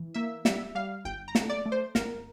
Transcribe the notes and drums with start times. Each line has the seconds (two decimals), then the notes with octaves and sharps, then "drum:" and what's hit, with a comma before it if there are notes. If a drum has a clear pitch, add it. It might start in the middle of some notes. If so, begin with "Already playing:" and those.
Already playing: E3
0.14 A#3 E5
0.45 G3 E5, drum: snare
0.75 G3 F5
1.05 G1 G5
1.28 A#5
1.35 A3, drum: snare
1.50 D5
1.66 A3
1.72 C5
1.95 G1 A#4, drum: snare